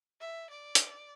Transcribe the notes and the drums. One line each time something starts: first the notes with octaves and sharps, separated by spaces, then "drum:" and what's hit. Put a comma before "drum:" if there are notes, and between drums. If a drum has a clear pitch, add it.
E5
D5
drum: hi-hat